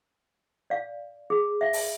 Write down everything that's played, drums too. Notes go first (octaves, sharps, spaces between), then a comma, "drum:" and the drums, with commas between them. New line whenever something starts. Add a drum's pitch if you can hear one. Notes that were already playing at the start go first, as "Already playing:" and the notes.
D5 F5
G#4
E5 F5
drum: open hi-hat